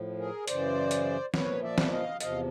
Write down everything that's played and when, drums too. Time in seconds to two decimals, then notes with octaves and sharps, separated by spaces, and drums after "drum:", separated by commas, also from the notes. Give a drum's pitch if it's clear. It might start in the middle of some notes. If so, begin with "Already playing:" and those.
Already playing: A2 F3
0.18 G#4 A#4
0.48 F#2 C#3 E3 C5 D5, drum: hi-hat
0.91 drum: hi-hat
1.34 A#2 F3 B4 C#5, drum: snare
1.63 D5 E5
1.78 drum: snare
1.92 D#5 F5
2.20 E2 C3 F3 D#5 F5, drum: hi-hat